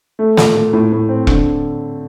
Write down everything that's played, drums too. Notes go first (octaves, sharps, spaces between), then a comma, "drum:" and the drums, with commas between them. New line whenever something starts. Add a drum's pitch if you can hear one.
A3
A#2, drum: snare
A#2
A2
A2
C4
D3, drum: kick E1